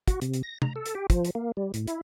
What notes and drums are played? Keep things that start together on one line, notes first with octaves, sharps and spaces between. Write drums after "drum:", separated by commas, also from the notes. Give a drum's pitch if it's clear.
F#4, drum: kick, hi-hat
C3, drum: hi-hat
drum: hi-hat
A#6
A#5, drum: tom
A4
drum: hi-hat
G4
F3, drum: kick, hi-hat
drum: hi-hat
A#3
G3
A2, drum: hi-hat
E4, drum: hi-hat